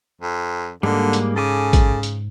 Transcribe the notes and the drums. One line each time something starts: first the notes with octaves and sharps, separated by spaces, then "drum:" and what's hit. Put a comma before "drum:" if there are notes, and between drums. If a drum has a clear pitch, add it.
F2
G#2 D3 G3 G#3 A#3
drum: hi-hat
C#3 A4 G#5 D6
drum: kick A1, hi-hat
drum: hi-hat